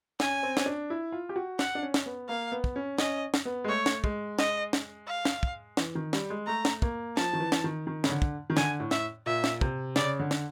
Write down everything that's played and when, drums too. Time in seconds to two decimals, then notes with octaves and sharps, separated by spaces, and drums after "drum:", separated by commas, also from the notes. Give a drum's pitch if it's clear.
0.20 C#4 G#5, drum: snare
0.43 C4
0.57 C#4, drum: snare
0.66 D4
0.90 E4
1.12 F4
1.29 G4
1.36 F#4
1.59 F#5, drum: snare
1.75 D4
1.83 C#4
1.94 drum: snare
2.06 B3
2.29 A#3 F5
2.52 B3
2.64 drum: kick
2.76 C#4
2.98 C#4 D#5, drum: snare
3.34 drum: snare
3.45 B3
3.64 G#3
3.68 A3 C#5
3.86 drum: snare
4.04 G#3, drum: kick
4.39 D#5, drum: snare
4.73 drum: snare
5.08 F5
5.25 drum: snare
5.43 drum: kick
5.77 E3, drum: snare
5.95 D#3
6.13 G3, drum: snare
6.30 G#3
6.47 A3 A#5
6.65 drum: snare
6.82 A#3, drum: kick
7.17 F3 A5, drum: snare
7.33 D#3
7.40 E3
7.52 drum: snare
7.64 D#3
7.87 D#3
8.04 C#3, drum: snare
8.10 D3
8.22 drum: kick
8.50 D#3
8.57 D3 G#5, drum: snare
8.80 A2
8.91 E5, drum: snare
9.26 A#2 E5
9.44 drum: snare
9.61 C3, drum: kick
9.96 C#3 D5, drum: snare
10.20 D3
10.31 drum: snare